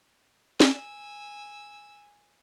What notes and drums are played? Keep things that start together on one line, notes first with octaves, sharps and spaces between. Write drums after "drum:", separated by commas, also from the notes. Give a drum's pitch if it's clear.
G#5 E6, drum: snare